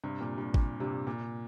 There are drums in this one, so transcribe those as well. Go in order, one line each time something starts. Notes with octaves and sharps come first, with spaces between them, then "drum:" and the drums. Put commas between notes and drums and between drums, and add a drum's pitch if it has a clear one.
G2 C3
A#2
G2
A#2, drum: kick G#1
G2 C3
A#2